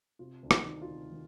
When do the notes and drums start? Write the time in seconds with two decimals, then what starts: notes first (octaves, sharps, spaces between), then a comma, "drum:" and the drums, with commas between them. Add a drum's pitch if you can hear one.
0.19 C3 F4
0.43 D2 D4
0.51 D#4, drum: rim click
0.66 D#3
0.82 F4
0.89 C3
1.12 D#3